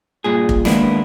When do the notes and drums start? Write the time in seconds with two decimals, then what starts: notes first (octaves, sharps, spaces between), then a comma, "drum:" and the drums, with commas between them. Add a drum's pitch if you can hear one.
0.24 G2 A#2 G#4
0.49 drum: kick F1
0.65 D#3 G#3 A#3 B3 D4 E4, drum: snare